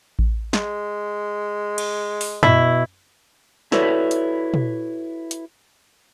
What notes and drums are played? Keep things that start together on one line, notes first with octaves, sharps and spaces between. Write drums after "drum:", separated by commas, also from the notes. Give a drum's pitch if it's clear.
drum: kick A1
G#3, drum: snare
drum: cymbal
drum: open hi-hat
B2 E4, drum: tom
E4 F#4 A4 B4 C#5 D5, drum: snare
drum: hi-hat
drum: tom
drum: hi-hat